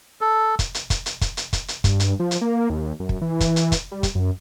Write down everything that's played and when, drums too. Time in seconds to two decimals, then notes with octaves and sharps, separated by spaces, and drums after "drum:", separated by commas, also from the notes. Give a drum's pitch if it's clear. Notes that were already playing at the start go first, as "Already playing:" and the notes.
0.21 A4
0.59 drum: kick, hi-hat
0.74 drum: hi-hat
0.90 drum: kick, hi-hat
1.06 drum: hi-hat
1.21 drum: kick, hi-hat
1.37 drum: hi-hat
1.53 drum: kick, hi-hat
1.68 drum: hi-hat
1.84 G2, drum: kick, hi-hat
2.00 drum: hi-hat
2.20 F3
2.31 drum: hi-hat
2.41 A#3
2.70 D#2
3.00 F#2
3.09 drum: kick
3.22 E3
3.40 drum: kick, hi-hat
3.56 drum: hi-hat
3.72 drum: kick, hi-hat
3.92 G3
4.03 drum: kick, hi-hat
4.15 F#2